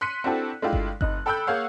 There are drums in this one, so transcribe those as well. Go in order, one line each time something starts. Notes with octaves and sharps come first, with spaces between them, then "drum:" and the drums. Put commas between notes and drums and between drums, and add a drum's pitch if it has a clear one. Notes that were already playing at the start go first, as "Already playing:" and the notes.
C6 F#6 B6 C#7 D#7
C4 D4 E4 F#4 G4 A4
G#3 A3 D4 E4 F4 G4
drum: kick G1
F1 D#4 F#6, drum: kick G1
A4 G5 B5 E6 F#6 G6
A#3 G#4 C#5 F5 F#5